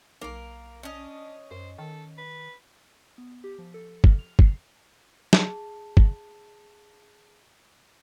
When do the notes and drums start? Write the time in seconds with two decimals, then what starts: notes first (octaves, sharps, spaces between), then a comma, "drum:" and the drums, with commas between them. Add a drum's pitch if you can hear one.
0.21 B1 A#3 A#4
0.83 C#4 D4 D#5
1.51 F#2 C5
1.78 D#3 A4
2.18 B4
3.18 B3
3.44 G4
3.59 F3
3.74 A4
4.04 F6, drum: kick G1
4.19 F7
4.39 C7, drum: kick G1
5.33 G#4 A5, drum: snare
5.97 drum: kick G1